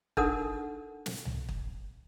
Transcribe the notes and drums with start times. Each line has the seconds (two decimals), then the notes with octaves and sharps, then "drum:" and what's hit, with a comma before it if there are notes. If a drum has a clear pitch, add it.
0.17 D4 D#4 A4 A#4 F#5 D#6, drum: kick
1.06 drum: snare
1.25 drum: tom C2
1.49 drum: kick